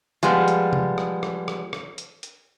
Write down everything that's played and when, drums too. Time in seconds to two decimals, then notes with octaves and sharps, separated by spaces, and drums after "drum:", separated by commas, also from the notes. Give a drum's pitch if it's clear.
0.23 F3 G3 G#3 B3, drum: hi-hat
0.48 drum: hi-hat
0.73 drum: tom C3
0.98 drum: rim click
1.23 drum: rim click
1.48 drum: rim click
1.73 drum: rim click
1.98 drum: hi-hat
2.23 drum: hi-hat